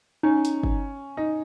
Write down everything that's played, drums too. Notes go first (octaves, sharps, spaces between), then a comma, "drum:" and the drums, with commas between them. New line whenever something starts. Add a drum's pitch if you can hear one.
C#4 D#4
drum: hi-hat
drum: kick G1
D#4